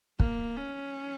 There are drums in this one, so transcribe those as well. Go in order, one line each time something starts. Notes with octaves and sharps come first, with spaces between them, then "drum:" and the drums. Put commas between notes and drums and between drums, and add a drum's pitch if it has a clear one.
A#3, drum: kick
C#4